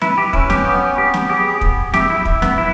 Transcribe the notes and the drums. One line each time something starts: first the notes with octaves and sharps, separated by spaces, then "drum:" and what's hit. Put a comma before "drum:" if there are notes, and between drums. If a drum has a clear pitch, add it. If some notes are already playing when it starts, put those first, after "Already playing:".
E4 B4, drum: snare
G4
C#4 E4, drum: kick
G4, drum: snare
B3 G4
B3 G4
drum: snare
G4 G#4
B3, drum: kick
G4 E5, drum: snare
E4
E5, drum: kick
B3, drum: snare
E4